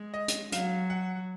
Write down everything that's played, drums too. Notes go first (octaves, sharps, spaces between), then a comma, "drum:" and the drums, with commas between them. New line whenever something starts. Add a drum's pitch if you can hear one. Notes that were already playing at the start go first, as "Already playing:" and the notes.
Already playing: G#3
D#5
drum: hi-hat
F#3 F5, drum: hi-hat
F#5